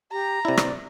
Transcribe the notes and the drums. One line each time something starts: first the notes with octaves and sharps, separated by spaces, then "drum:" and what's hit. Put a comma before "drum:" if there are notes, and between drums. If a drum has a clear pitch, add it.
G4 A#5
C3 E4 D5
drum: rim click